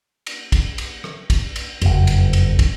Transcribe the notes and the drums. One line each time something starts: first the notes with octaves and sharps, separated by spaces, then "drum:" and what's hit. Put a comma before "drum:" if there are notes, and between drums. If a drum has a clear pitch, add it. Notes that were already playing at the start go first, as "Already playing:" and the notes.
drum: cymbal
drum: kick, cymbal
drum: cymbal
drum: rim click
drum: kick, cymbal
drum: cymbal
F#1 F2, drum: cymbal
drum: cymbal
drum: cymbal
drum: kick, cymbal